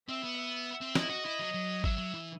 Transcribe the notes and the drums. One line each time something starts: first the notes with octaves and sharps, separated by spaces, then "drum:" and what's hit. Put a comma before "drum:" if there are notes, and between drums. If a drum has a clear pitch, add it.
C4 E5
B3
E5
C4
E4 D#5, drum: snare
F#4
E4
F#3
F#3
F#3 E5, drum: kick G#1
F#3
E3